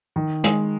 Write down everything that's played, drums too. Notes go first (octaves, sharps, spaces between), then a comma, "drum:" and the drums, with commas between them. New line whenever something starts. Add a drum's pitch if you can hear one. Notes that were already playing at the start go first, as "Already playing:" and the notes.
D#3
G#3, drum: hi-hat